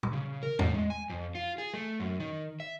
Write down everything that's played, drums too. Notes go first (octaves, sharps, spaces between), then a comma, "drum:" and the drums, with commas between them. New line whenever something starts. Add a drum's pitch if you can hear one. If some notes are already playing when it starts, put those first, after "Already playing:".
drum: tom
C#3
A#4
A2, drum: tom
G#3
G#5
F2
F4
G#4
A3
F#2
D#3
E5